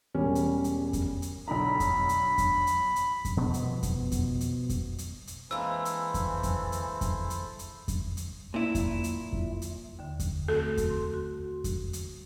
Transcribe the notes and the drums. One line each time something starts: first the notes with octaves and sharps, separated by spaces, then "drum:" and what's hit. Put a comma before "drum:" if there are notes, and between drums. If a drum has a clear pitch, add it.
E1 G3 C#4
drum: hi-hat
drum: hi-hat
drum: kick F2, hi-hat
drum: hi-hat
B1 D4 A#5 B5
drum: kick F2, hi-hat
drum: hi-hat
drum: kick F2, hi-hat
drum: hi-hat
drum: hi-hat
drum: kick F2, hi-hat
B2 F3 B3
drum: hi-hat
drum: kick F2, hi-hat
drum: kick F2, hi-hat
drum: hi-hat
drum: kick F2, hi-hat
drum: hi-hat
drum: hi-hat
E3 G#3 A#3 C4 E4 A4 C5 E6
drum: hi-hat
drum: kick F2, hi-hat
drum: kick F2, hi-hat
drum: hi-hat
drum: kick F2, hi-hat
drum: hi-hat
drum: hi-hat
drum: kick F2, hi-hat
drum: hi-hat
A#2 E4
drum: kick F2, hi-hat
drum: hi-hat
drum: kick F2
drum: hi-hat
D#2 D3
drum: kick F2, hi-hat
A3 C4 F#4 A4
drum: kick F2, hi-hat
C6
F#4
drum: kick F2, hi-hat
drum: hi-hat